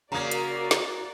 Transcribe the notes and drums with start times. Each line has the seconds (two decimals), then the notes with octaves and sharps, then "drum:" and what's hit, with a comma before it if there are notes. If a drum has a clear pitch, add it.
0.12 C#3 A#3 F#4 A#4 D5 A#5 D#6 G#6
0.31 drum: hi-hat
0.71 drum: snare